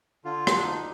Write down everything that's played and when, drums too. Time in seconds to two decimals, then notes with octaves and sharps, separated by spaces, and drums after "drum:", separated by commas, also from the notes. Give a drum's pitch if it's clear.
0.24 D3 F4
0.47 D2 C4, drum: rim click
0.55 D4
0.63 D#4
0.77 G3